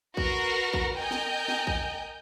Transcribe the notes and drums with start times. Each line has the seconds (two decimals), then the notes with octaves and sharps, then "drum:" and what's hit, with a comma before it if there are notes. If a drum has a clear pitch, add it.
0.17 F#4 A#4 B4 A#5 A#6 C7, drum: kick
0.73 drum: kick
0.97 A#4 D#5 G5 G#5 A#5 G6
1.11 drum: snare
1.48 drum: snare
1.67 drum: kick